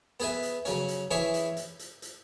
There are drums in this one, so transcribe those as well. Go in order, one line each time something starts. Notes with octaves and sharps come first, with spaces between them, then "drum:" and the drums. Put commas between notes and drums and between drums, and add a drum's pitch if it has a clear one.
B3 G#4 B4 E5, drum: hi-hat
drum: hi-hat
C#3 F#3 C#4, drum: hi-hat
drum: hi-hat
E3 C#4 G#4 C#5 E5
drum: hi-hat
drum: hi-hat
drum: hi-hat
drum: hi-hat